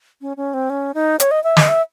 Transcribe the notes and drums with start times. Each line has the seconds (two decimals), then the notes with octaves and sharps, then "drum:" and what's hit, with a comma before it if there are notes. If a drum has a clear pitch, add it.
0.22 C#4
0.37 C#4
0.54 C4
0.70 C#4
0.94 D#4
1.20 C#5, drum: hi-hat
1.31 D#5
1.44 E5
1.57 D#5, drum: snare
1.68 E5